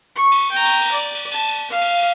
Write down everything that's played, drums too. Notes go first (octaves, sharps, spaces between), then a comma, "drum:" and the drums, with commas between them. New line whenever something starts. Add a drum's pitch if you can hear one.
C#6
drum: cymbal
G5 A#5
drum: cymbal
drum: cymbal
D5
drum: cymbal
A5, drum: cymbal
drum: cymbal
F5
drum: cymbal
drum: cymbal